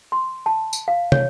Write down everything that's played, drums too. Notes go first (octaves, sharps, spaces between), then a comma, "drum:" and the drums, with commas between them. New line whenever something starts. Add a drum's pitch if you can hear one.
C6
A5
drum: tambourine
F5
C#5, drum: tom